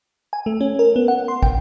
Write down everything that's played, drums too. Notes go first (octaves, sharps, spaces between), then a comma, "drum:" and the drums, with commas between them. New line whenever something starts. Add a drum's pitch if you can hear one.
G#5
A3
C#4
A#4
B3
F#5
C6
G5, drum: kick